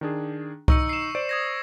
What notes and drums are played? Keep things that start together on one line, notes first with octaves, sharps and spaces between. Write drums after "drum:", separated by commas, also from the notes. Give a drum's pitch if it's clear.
D#3 D4 G#4
D#4 C#6 E6 C#7, drum: kick C2
C7 E7
C5 D5 D7
D#6 G#6 A#6